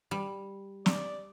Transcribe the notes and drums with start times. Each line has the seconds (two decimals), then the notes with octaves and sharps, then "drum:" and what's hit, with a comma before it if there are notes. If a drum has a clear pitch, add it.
0.11 G3
0.86 D5, drum: snare